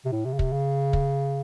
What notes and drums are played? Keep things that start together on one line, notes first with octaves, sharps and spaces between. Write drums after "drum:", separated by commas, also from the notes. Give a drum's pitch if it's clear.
C3
A2
C3
C#3
C3, drum: kick
C#3
drum: kick